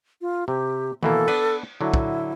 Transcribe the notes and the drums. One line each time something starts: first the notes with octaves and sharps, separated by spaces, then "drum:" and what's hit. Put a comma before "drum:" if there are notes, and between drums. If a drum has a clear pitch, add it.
F4
C3 G4
B2 E3 A#3 A4, drum: tom D#3
B3 D4 B4, drum: cymbal
D3 F#3 E4
drum: kick